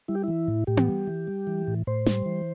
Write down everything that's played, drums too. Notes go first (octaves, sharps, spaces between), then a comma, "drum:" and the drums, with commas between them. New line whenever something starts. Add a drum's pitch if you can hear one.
G3 E4
G4
E3 E4
A2
A2 G4
drum: tom B3
G3
E3
G3
E3
A2
A2 C5
G3, drum: snare
E3